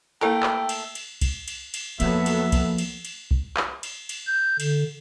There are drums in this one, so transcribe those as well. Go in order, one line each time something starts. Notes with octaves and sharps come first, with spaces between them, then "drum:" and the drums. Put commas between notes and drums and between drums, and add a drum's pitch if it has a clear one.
A3 A#3 E4 A4 A#4 G5
drum: clap
drum: cymbal
drum: cymbal
drum: kick B1, cymbal
drum: cymbal
drum: cymbal
F2 F3 F#3 A#3 B3 A4 E5, drum: cymbal
drum: cymbal
drum: kick B1, cymbal
drum: cymbal
drum: cymbal
drum: kick B1
drum: clap
drum: cymbal
drum: cymbal
G6
D3, drum: cymbal